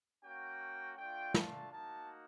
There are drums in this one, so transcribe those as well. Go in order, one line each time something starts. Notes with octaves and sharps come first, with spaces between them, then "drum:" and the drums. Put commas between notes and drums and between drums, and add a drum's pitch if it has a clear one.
A#3 C#4 F#4 G5
A3 D4 F4 G5
A5, drum: snare
A#3 D#4 F#4 A5